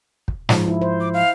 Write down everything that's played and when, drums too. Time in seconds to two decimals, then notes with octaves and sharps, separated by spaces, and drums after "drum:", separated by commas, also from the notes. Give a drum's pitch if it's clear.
0.28 drum: kick
0.49 G#2 F3, drum: snare
0.67 E4
0.81 C5
1.01 D6
1.14 F5